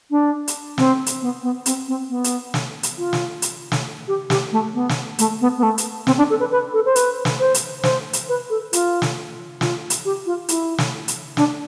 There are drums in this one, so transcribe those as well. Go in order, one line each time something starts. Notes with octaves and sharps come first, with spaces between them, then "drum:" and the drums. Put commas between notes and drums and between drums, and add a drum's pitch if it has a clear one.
D4
drum: hi-hat
C4, drum: snare
drum: hi-hat
B3
B3
C4, drum: hi-hat
C4
B3
drum: hi-hat
drum: snare
drum: hi-hat
F4
drum: snare
drum: hi-hat
drum: snare
G4
G4, drum: snare
A3
B3
drum: snare
A3, drum: hi-hat
B3
B3
A3
drum: hi-hat
C4, drum: snare
D4
A4
B4
B4
A4
C5
B4, drum: hi-hat
drum: snare
C5
drum: hi-hat
C5, drum: snare
drum: hi-hat
B4
A4
F4, drum: hi-hat
drum: snare
F4, drum: snare
drum: hi-hat
G4
F4
E4, drum: hi-hat
drum: snare
drum: hi-hat
D4, drum: snare